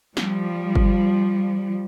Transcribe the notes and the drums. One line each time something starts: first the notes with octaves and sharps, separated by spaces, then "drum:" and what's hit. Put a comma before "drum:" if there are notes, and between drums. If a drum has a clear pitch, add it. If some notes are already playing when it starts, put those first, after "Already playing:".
F3 G3, drum: snare
drum: kick G1